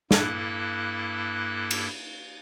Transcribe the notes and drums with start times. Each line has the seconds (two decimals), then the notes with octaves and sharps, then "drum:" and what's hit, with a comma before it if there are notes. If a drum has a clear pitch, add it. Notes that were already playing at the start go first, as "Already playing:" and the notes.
0.11 G2 A#3 E4 A4 F#6, drum: snare
1.71 drum: cymbal